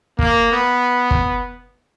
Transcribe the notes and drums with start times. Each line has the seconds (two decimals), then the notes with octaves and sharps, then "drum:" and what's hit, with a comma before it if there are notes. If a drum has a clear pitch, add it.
0.19 A#3, drum: kick
0.52 B3
1.11 drum: kick